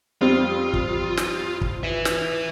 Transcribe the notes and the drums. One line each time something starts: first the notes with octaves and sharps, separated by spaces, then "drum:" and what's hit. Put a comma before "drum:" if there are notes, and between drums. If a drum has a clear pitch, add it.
F2 G3 C4 F4
drum: kick
drum: snare
drum: kick
B4 E5
drum: snare